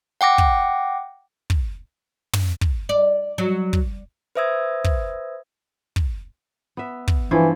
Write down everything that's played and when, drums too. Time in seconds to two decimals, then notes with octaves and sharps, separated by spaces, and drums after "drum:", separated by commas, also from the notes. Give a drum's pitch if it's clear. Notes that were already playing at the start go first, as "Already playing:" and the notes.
0.21 F#5 G5 D6 A#6
0.38 drum: kick
1.50 drum: kick
2.33 drum: tom
2.61 drum: kick
2.89 D5
3.38 F#3
3.73 drum: kick
4.35 B4 C5 E5 D#6 E6 G#6
4.84 drum: kick
5.96 drum: kick
6.77 B3 E5
7.08 drum: kick
7.31 G2 E3 F3 E4